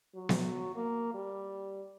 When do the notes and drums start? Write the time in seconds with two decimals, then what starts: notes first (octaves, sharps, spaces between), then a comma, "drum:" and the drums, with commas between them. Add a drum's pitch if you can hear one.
0.15 F#3
0.29 drum: snare B3
0.76 A#3
1.14 G3